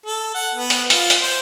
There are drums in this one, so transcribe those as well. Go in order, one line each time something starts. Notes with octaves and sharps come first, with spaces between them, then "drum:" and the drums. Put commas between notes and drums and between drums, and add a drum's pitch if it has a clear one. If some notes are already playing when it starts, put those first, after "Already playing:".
A4
F#5
B3
drum: hi-hat
F4, drum: hi-hat
drum: hi-hat
C5